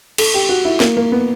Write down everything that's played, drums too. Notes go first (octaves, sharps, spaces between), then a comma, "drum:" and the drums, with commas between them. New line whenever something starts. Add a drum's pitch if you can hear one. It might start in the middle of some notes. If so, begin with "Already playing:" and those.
A4, drum: cymbal
G4
F#4
E4
A#3, drum: snare
A#3
B3